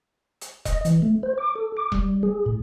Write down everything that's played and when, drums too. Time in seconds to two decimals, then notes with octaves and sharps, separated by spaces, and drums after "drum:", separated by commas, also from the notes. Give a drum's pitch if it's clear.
0.41 drum: hi-hat
0.65 D#5, drum: kick E1, hi-hat
0.85 E3, drum: hi-hat
1.02 A3
1.23 C5
1.38 D6
1.55 A4
1.77 D6
1.92 G3, drum: kick E1
2.23 G#4
2.46 A2